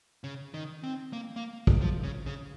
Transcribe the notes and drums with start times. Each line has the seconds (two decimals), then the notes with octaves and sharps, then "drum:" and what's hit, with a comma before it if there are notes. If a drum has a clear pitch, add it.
0.24 C#3
0.54 D#3
0.84 C4
1.13 A#3
1.36 A#3
1.67 drum: kick
1.81 F3
2.03 C#3
2.26 C#3